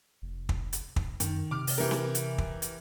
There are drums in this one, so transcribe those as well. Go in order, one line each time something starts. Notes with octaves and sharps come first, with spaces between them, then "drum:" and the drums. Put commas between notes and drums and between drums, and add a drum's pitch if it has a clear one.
F1
drum: kick
drum: hi-hat
drum: kick
F#2 D#3, drum: hi-hat
C3 D6 F6
drum: open hi-hat
E3 G4 A#4
drum: snare C4
drum: hi-hat
drum: kick
drum: hi-hat